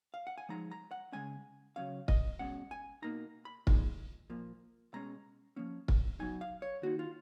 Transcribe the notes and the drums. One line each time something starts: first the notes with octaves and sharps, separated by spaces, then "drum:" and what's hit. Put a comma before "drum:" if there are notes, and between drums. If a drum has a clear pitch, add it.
F5
F#5
G#5
F3 G#3 D#4 A#5
A#5
F#5
C#3 G#3 C#4 G#5
C#3 F#3 C#4 F5
D#5, drum: kick
B2 G#3 C#4 F#5
G#5
B2 A#3 D#4 A#5
B5
A#2 F3 G#3 D#4, drum: kick
A#2 F3 A#3
B2 G#3 C#4 A#5
F3 A#3 C#4
drum: kick
B2 F#3 B3 D#4 G#5
F5
C#5
D#3 A#3 D#4 F#4
F4